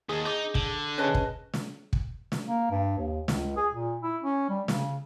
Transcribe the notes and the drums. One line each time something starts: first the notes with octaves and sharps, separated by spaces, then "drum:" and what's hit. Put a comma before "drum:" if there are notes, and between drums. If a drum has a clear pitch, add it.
D#2 G#4 A5 D#6
D#4 D6 G6
D3, drum: kick
C#4 G#4 B4 D#5 A5
drum: kick
drum: snare
drum: kick
drum: snare
A#3
G2
D#2
C#2, drum: snare
G#4
A#2
E4
C#4
G3
C#3, drum: snare